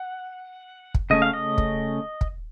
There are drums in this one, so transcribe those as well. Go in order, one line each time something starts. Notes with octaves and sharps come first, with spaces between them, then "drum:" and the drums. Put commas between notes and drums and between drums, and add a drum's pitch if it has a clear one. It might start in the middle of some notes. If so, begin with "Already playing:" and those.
Already playing: F#5
drum: kick
C#3 A3 C#4 D#5
F5
D#5
drum: kick
drum: kick